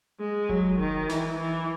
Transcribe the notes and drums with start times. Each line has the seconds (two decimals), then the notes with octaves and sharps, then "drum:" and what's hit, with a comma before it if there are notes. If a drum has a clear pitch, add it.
0.20 G#3
0.49 F#3, drum: kick F1
0.79 D#3, drum: kick F1
1.09 E3, drum: snare
1.40 E3